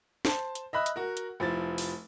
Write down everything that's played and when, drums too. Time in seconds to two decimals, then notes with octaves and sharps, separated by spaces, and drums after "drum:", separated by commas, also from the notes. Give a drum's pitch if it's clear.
0.25 C5 A5, drum: snare
0.55 drum: hi-hat
0.73 D#5 E5 B5 F#6
0.86 drum: hi-hat
0.96 F#4 A#4
1.17 drum: hi-hat
1.40 F1 F3 E4 A6
1.78 drum: open hi-hat